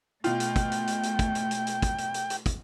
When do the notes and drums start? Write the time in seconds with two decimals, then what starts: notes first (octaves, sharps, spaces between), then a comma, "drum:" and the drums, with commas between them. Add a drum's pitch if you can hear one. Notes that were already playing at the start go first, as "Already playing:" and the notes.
0.24 B2 A3 F4 G5, drum: hi-hat
0.40 drum: hi-hat
0.56 drum: kick, hi-hat
0.72 drum: hi-hat
0.87 drum: hi-hat
1.03 drum: hi-hat
1.19 drum: kick, hi-hat
1.35 drum: hi-hat
1.51 drum: hi-hat
1.67 drum: hi-hat
1.82 drum: kick, hi-hat
1.98 drum: hi-hat
2.14 drum: hi-hat
2.30 drum: hi-hat
2.46 drum: kick, hi-hat